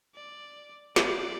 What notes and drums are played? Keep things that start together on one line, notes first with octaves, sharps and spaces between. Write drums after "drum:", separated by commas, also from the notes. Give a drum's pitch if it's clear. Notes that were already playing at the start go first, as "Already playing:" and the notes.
D5
D5, drum: snare